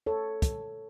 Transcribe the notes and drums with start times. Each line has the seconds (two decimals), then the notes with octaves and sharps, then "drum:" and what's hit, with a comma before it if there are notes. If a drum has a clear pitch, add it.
0.06 A4 C#5
0.42 drum: kick, hi-hat